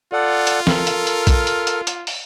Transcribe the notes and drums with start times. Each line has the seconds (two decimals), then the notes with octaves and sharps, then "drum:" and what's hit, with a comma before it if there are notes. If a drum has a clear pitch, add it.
0.13 F4 A4 D5 F#5
0.47 drum: hi-hat
0.67 A4 A#4 F6, drum: snare
0.87 drum: hi-hat
1.07 drum: hi-hat
1.27 drum: kick, hi-hat
1.47 drum: hi-hat
1.67 drum: hi-hat
1.87 drum: hi-hat
2.07 drum: open hi-hat